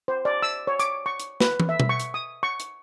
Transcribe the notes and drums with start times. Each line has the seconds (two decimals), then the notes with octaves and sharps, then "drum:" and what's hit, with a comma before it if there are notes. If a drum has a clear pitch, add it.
0.08 C5
0.25 D5
0.42 E6
0.67 C#5
0.80 D6, drum: hi-hat
1.06 C#6
1.20 drum: hi-hat
1.40 B4, drum: snare
1.60 drum: tom
1.69 E5
1.80 drum: tom B2
1.89 C#6
2.00 drum: hi-hat
2.14 D#6
2.43 C#6
2.60 drum: hi-hat